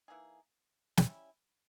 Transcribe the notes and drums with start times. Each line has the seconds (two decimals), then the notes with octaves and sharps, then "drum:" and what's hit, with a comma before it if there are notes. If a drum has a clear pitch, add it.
0.08 E3 A#3 D#4 G#4
0.97 G3 C#4 E4, drum: snare